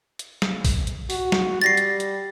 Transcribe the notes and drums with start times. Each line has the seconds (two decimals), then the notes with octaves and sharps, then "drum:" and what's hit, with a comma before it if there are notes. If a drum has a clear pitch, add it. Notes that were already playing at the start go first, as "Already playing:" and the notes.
0.19 drum: hi-hat
0.42 drum: snare
0.65 drum: kick, open hi-hat
0.87 drum: hi-hat
1.10 F#4, drum: open hi-hat
1.32 drum: snare
1.62 G3 A6 A#6 C7
1.77 drum: hi-hat
2.00 drum: hi-hat